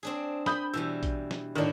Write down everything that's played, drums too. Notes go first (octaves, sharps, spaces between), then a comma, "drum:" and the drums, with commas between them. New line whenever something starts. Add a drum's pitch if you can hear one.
C4 D4 G#4
B5 D#6 G6, drum: snare
B2 E3 G3 E6
drum: kick A#1, hi-hat
drum: snare
A2 D3 D#3 D4